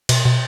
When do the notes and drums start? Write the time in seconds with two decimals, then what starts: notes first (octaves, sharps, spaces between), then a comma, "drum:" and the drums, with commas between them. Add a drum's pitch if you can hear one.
0.09 B2, drum: cymbal
0.25 B2